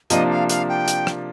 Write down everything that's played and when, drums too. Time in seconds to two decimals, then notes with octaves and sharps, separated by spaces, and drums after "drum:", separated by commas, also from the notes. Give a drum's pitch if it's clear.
0.10 C3 F3 A#3 D4 D#5, drum: hi-hat
0.30 F5
0.49 F5, drum: hi-hat
0.69 G5
0.88 drum: hi-hat
1.07 drum: rim click